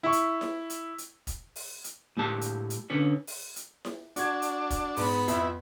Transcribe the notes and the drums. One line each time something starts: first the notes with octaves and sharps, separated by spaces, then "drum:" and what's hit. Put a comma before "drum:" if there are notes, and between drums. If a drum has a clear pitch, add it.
E4 C#6
drum: hi-hat
drum: snare E4
drum: hi-hat
drum: hi-hat
drum: kick, hi-hat
drum: open hi-hat
drum: hi-hat
A2 G#3 G4 A5
drum: hi-hat
drum: hi-hat
D3 C#4 B4 C#5
drum: open hi-hat
drum: hi-hat
drum: snare E4
D4 F#4 G#6, drum: hi-hat
drum: hi-hat
drum: kick, hi-hat
G#2 B3 B5, drum: open hi-hat
F2 E4, drum: hi-hat